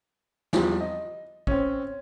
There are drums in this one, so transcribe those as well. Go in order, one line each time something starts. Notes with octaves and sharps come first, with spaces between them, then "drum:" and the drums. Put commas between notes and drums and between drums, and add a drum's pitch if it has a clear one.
E2 F3 G3 C4, drum: snare
D#5
C4 C#4, drum: kick